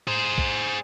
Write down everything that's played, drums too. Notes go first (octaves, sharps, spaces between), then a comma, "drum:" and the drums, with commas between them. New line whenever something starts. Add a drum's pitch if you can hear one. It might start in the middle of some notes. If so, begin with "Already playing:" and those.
G#4 C5
drum: kick